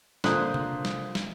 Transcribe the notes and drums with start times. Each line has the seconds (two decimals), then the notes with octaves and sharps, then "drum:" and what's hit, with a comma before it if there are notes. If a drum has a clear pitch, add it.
0.24 A#2 D3 C5 D#6 F#6, drum: snare
0.54 drum: tom C3
0.85 drum: snare
1.15 drum: snare